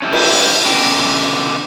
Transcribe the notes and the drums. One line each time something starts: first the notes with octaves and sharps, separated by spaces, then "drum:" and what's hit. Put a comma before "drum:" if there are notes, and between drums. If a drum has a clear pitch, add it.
C#4 D#4 E4 G4 A4
drum: cymbal
B2 D3 C#4 G5